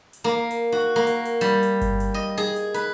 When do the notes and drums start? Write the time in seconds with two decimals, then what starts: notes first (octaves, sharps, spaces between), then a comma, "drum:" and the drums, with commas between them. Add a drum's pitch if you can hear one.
0.13 drum: hi-hat
0.24 A#3
0.51 drum: hi-hat
0.72 F#4
0.96 A#3
1.07 drum: hi-hat
1.25 drum: hi-hat
1.41 G3, drum: hi-hat
1.63 drum: hi-hat
1.81 drum: kick G1, hi-hat
2.00 drum: hi-hat
2.14 D#5
2.37 G#4, drum: hi-hat
2.56 drum: hi-hat
2.74 B4, drum: hi-hat